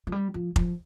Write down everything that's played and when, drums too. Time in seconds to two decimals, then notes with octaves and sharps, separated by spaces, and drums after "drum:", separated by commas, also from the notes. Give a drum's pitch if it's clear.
0.07 F3
0.12 G3
0.34 F3
0.56 F3, drum: kick F1